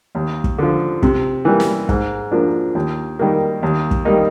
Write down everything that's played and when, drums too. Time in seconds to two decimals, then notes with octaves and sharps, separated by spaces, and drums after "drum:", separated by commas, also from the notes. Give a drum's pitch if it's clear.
0.15 D#2
0.44 drum: kick
0.58 D3 F3
1.02 C3, drum: kick
1.45 E3 G3 A#3
1.60 drum: snare
1.89 G#2, drum: kick
2.32 F3 A#3 D4
2.75 D#2
3.19 D#3 G3 A#3
3.63 D#2
3.91 drum: kick
4.05 D#3 G3 A#3 D#4